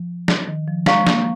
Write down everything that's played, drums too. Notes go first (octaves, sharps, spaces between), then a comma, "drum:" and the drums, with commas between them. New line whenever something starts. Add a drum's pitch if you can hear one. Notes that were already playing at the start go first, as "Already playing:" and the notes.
Already playing: F3
drum: snare
D#3
F3
G#3 C5 F5 A#5 C#6, drum: snare
A#3, drum: snare